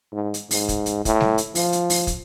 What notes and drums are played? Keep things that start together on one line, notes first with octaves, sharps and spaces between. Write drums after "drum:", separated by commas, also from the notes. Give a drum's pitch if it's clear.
G#2
drum: hi-hat
G#2, drum: open hi-hat
drum: kick, hi-hat
drum: hi-hat
A2, drum: kick, hi-hat
drum: snare G3
drum: hi-hat
F3, drum: open hi-hat
drum: hi-hat
drum: open hi-hat
drum: kick, hi-hat